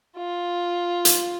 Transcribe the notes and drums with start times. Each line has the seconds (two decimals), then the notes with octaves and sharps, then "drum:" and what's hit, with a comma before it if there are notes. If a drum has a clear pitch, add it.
0.17 F4
1.05 drum: hi-hat